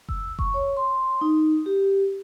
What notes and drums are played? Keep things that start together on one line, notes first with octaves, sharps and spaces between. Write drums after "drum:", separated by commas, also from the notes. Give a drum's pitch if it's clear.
E6, drum: kick F#1
C#6, drum: kick F#1
C#5
C6
D#4
G4